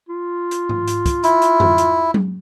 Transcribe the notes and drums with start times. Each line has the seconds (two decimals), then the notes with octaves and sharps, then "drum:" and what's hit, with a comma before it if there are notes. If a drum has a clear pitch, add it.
0.09 F4
0.51 drum: hi-hat
0.69 drum: tom G#2
0.88 drum: hi-hat
1.06 drum: kick, hi-hat
1.24 E4, drum: hi-hat
1.42 drum: hi-hat
1.60 drum: tom F2
1.78 drum: hi-hat
2.14 drum: tom F#3